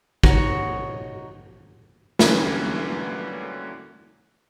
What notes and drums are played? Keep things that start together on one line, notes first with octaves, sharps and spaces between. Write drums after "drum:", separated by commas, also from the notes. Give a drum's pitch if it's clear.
D#4 F#4 C#5, drum: kick
D3 E3 F#3 G3 A#3 C#4, drum: snare